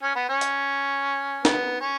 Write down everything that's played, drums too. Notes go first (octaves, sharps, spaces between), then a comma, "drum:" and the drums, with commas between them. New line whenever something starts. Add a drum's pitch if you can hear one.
C#4
B3
C#4
drum: hi-hat
B3, drum: snare
C#4